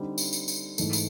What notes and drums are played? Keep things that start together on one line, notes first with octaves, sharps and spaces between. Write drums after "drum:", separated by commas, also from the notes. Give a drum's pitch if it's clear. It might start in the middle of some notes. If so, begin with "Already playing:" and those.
Already playing: D3 G3 C4 D#4
drum: tambourine
drum: tambourine
drum: tambourine
G#2 E3 A3, drum: tambourine
drum: tambourine